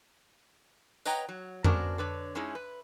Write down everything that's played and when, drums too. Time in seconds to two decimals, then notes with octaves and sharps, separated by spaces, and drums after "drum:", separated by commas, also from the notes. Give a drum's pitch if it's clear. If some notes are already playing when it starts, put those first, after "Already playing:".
1.05 B4 C#5 D#5 F#5 G5 A#5, drum: tambourine
1.29 F#3
1.64 B3 C#4 D4 F#4 A#4 C5, drum: tom F2
1.98 D3 B4 C#5
2.35 G#3 C#4 D#4 E4 G#4
2.55 B4